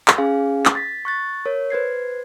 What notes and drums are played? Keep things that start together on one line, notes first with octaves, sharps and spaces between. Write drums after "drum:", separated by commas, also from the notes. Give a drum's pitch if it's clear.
drum: clap
C#4 G#4 F5 G#5
drum: clap
A6 B6
C#6 F#6 A6
A#4 C#5
B4 C5 G#6 C7